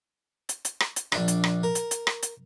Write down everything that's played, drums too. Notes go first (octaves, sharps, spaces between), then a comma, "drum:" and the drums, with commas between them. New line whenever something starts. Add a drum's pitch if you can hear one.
drum: hi-hat
drum: hi-hat
drum: rim click
drum: hi-hat
A#1 D4, drum: rim click
drum: hi-hat
drum: rim click
A#4
drum: hi-hat
drum: hi-hat
drum: rim click
drum: hi-hat